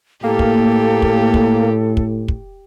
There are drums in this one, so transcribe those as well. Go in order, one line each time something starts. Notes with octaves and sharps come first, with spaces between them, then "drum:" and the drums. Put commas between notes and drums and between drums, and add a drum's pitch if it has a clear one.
A2 A#3 G4 A4
drum: kick
drum: kick
drum: kick
drum: kick
drum: kick